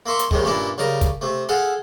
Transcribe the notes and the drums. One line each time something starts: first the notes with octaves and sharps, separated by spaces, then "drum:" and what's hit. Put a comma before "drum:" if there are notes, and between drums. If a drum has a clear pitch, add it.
A#3 E5 C6 C#6
drum: hi-hat
C2 A2 D#3 G3 G#3, drum: kick
G2 A#2 A#3 C#4 D4 E4
C#3 G3 A#4 D#5
drum: kick, hi-hat
C3 A3
G#4 A4 F5 F#5